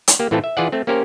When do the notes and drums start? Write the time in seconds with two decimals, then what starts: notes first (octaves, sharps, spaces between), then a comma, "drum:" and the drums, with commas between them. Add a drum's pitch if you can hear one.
0.08 drum: hi-hat
0.20 A#3 G4
0.31 A2 E3 A3 C4 F4 A4
0.44 E5
0.57 E3 F4 G#4 D5 F#5
0.72 A3 C4
0.87 A#3 C#4 G4 A#4 C5